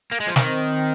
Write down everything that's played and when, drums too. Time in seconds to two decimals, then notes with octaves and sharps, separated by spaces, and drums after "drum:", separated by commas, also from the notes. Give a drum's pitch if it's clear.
0.12 A#3
0.20 G#3
0.28 F3
0.36 D#3 C4, drum: snare